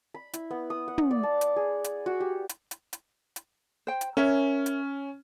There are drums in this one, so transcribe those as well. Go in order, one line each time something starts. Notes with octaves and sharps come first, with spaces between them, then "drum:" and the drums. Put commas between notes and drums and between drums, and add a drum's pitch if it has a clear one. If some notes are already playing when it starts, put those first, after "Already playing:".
B5
E4, drum: hi-hat
B3
D#6
F#5
drum: tom
D5
A5
drum: hi-hat
G#4
drum: hi-hat
F#4
G4
drum: hi-hat
drum: hi-hat
drum: hi-hat
drum: hi-hat
C5 G5
drum: hi-hat
C#4 A#4 C#5 E5
drum: hi-hat